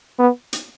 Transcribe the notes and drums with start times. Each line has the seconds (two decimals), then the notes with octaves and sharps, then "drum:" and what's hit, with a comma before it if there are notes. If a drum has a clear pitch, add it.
0.19 B3
0.53 drum: hi-hat